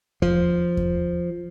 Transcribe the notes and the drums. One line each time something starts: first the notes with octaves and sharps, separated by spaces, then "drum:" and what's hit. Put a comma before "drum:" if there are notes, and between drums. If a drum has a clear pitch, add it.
F3, drum: kick E2
drum: kick E2